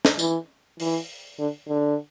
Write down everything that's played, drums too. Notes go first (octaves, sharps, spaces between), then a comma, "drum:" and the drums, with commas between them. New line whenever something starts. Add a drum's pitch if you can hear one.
drum: snare
E3, drum: tambourine
E3, drum: open hi-hat
D3
D3